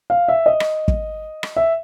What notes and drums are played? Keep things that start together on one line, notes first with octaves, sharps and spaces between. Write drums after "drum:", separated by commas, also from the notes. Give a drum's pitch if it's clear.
F5
E5
D#5
drum: rim click
drum: kick
drum: rim click
E5